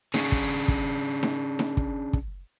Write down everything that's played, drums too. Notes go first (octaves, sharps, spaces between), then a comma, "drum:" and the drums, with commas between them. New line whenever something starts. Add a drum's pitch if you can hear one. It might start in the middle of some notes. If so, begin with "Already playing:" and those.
C#4 D4 G#4, drum: snare D#4
drum: kick
drum: kick
drum: snare D#4
drum: snare D#4
drum: kick
drum: kick